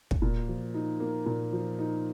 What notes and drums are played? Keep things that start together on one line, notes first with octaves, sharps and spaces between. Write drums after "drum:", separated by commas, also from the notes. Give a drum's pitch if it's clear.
drum: kick
A#2
F3
D#4
A#3
A#2
F3
D#4